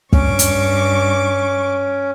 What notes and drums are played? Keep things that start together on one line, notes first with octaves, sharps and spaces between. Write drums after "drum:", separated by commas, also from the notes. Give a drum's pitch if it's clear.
G2 C#4 C#6 D6, drum: kick
drum: hi-hat